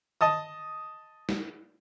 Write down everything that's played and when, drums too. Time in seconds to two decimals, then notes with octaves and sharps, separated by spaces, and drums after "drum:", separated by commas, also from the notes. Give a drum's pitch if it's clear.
0.21 D#5 A5 D#6
1.29 drum: snare